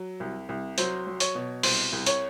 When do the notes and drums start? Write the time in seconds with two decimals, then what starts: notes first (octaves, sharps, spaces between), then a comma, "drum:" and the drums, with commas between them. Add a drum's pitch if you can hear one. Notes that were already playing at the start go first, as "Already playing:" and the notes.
Already playing: F#3
0.20 C2
0.49 C2
0.78 F#3 C5 C6, drum: hi-hat
1.07 F#3
1.20 C#5 C#6, drum: hi-hat
1.35 B2
1.63 C2 C5 C6, drum: open hi-hat
1.92 C2
2.06 C#5 C#6, drum: hi-hat